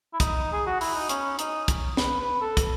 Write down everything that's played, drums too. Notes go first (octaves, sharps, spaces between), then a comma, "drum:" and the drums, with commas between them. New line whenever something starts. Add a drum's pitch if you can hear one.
E4
D#4, drum: kick, hi-hat
G#4
F#4
E4, drum: open hi-hat
D#4
C#4, drum: hi-hat
D#4, drum: hi-hat
drum: kick, hi-hat
B4, drum: snare
B4
A4
drum: kick, hi-hat